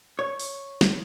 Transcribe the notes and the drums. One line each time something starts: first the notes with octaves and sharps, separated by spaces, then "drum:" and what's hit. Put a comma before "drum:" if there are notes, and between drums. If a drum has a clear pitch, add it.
C#5
drum: open hi-hat
drum: snare